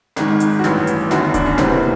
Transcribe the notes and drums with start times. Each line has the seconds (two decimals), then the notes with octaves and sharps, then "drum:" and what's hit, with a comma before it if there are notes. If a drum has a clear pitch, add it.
0.16 G#1 G#2 D#3, drum: snare
0.40 drum: hi-hat
0.59 F#4
0.64 A1 G2 E3 G4, drum: snare
0.87 drum: hi-hat
1.11 G1 F#2 D#3 F#4, drum: snare
1.34 D4, drum: kick D1, hi-hat
1.46 C#4
1.58 F#1 E2 C3 E3 C4, drum: snare
1.73 A#3